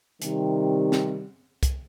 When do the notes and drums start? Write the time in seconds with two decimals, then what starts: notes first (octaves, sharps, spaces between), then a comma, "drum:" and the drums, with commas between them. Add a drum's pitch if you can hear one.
0.22 C3 D#3 G3, drum: hi-hat
0.92 drum: snare
1.63 drum: kick C2, hi-hat